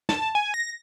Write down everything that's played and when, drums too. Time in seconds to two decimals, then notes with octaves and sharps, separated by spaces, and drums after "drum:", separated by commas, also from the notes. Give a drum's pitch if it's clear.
0.09 A5, drum: snare
0.35 G#5
0.54 A#6